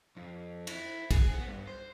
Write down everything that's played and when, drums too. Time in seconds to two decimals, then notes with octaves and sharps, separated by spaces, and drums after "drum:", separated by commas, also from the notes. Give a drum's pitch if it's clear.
0.17 F2
0.67 E4, drum: cymbal
1.11 G#4, drum: kick, cymbal
1.33 B3
1.48 G2
1.67 C5